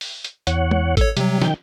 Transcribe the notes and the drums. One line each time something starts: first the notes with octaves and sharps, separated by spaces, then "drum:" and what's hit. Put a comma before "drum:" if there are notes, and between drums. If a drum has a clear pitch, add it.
drum: open hi-hat
drum: hi-hat
E2 C#5 F#5, drum: hi-hat
drum: tom
A4 C#5, drum: kick G#1, hi-hat
C3 F#3 G3, drum: hi-hat
D#3 G5, drum: snare